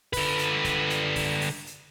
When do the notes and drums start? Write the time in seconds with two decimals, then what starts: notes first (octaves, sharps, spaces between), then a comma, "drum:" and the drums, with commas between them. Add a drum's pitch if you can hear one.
0.13 D3 B4, drum: kick, open hi-hat
0.39 drum: hi-hat
0.64 drum: kick, hi-hat
0.90 drum: hi-hat
1.16 drum: kick, open hi-hat
1.41 drum: open hi-hat
1.67 drum: hi-hat